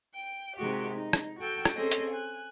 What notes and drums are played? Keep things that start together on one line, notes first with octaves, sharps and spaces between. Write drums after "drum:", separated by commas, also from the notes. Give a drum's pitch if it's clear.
G5
C3 D#3 G#3 F#4 G4
D#4
drum: rim click
F#4 A4 G5 E6 G6
drum: rim click
C4 C#4 G#4 A4 C5 D#5
drum: hi-hat
G#5 F#6